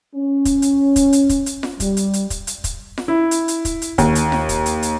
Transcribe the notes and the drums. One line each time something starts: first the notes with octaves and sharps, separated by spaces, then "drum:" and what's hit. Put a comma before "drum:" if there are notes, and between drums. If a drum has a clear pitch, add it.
C#4
drum: kick, hi-hat
drum: hi-hat
drum: kick, hi-hat
drum: hi-hat
drum: kick, hi-hat
drum: hi-hat
drum: snare F4
G3, drum: kick, hi-hat
drum: hi-hat
drum: hi-hat
drum: kick, hi-hat
drum: hi-hat
drum: kick, hi-hat
drum: snare F4
E4
drum: hi-hat
drum: hi-hat
drum: kick, hi-hat
drum: hi-hat
D#2, drum: kick, hi-hat
drum: hi-hat
drum: snare F4
drum: kick, hi-hat
drum: hi-hat
drum: hi-hat